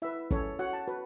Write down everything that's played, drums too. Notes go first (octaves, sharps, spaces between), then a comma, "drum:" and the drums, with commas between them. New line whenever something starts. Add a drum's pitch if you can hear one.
E4 B4 E5
C#4 A4 C#5, drum: kick
F#4 C#5 F#5
A5
F#4 B4